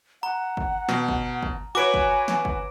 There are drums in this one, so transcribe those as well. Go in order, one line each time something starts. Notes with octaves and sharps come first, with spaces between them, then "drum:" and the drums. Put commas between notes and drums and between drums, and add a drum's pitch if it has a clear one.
F#5 A#5
drum: kick G1
B2, drum: snare
drum: kick G1
drum: kick G1
F#4 B4 C#5 G#5 D6 D7
drum: kick G1
drum: snare
drum: kick G1